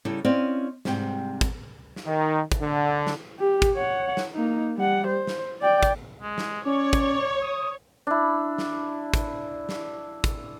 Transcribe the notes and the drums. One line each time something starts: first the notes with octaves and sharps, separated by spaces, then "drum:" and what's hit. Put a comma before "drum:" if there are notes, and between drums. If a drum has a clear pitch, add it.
C#3 G3 D#4 E4 A4 E5
C4 C#4 E4 D5 D#5 F5
G#2 C3 G3 G5, drum: snare
drum: kick, hi-hat
drum: snare
D#3
drum: kick, hi-hat
D3
drum: snare
G4
drum: kick, hi-hat
C#5 F#5
drum: snare
A#3 D#4
G3 F#5
C5
drum: snare
D5 G5
drum: kick, hi-hat
G#3
drum: snare
C#4 C#5 D5
drum: kick, hi-hat
D#6
D4 E4
drum: snare
drum: kick, hi-hat
drum: snare
drum: kick, hi-hat